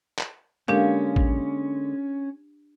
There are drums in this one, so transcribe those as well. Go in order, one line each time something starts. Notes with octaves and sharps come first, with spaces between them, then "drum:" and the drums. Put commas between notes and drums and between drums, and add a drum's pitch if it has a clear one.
drum: clap
D3 G#3 A#3 C#4 D4 G4 F5
drum: kick A1